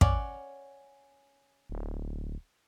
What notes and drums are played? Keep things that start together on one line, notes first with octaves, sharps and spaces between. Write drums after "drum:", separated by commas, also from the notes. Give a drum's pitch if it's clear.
C#4 D5 F#5, drum: kick
D1